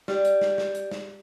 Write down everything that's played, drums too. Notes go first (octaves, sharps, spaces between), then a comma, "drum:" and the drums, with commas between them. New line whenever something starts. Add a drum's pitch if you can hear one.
G3, drum: snare
drum: hi-hat
drum: snare
drum: snare
drum: hi-hat
drum: snare